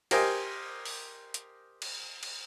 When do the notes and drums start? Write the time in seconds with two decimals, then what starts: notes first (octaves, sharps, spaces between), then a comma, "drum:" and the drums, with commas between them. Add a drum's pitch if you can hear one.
0.11 G4 A#4 C5 D#5 G5 G#5, drum: cymbal
0.85 drum: open hi-hat
1.34 drum: hi-hat
1.82 drum: cymbal
2.23 drum: cymbal